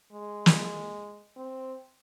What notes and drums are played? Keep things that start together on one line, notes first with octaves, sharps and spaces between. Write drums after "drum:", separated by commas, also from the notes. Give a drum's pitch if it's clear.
G#3
drum: snare
C4